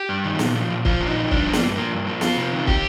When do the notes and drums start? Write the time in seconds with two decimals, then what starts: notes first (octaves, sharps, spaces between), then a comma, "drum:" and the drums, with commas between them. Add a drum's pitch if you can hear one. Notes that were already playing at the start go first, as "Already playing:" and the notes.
Already playing: G4
0.09 G2
0.24 D#3
0.39 A#2, drum: snare
0.55 F3
0.70 A#2
0.85 F3 F4, drum: kick
1.00 A#2
1.07 D#4
1.15 F3
1.31 G2 D4, drum: kick
1.46 F3
1.53 A#3, drum: snare
1.61 G2
1.76 F3 A#3
1.92 G2
2.07 F3
2.21 F2 F4, drum: snare
2.37 C3
2.52 D#3
2.67 G4, drum: kick